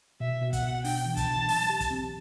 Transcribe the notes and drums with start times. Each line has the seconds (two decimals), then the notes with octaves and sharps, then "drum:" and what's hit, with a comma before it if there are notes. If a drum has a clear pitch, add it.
0.20 B2 E5
0.41 B2
0.53 F#5, drum: kick, hi-hat
0.62 B2
0.85 D4 G5, drum: open hi-hat
1.06 E3
1.17 A5, drum: kick, hi-hat
1.27 E3
1.48 F#3, drum: open hi-hat
1.70 G4
1.80 drum: kick, hi-hat
1.91 C4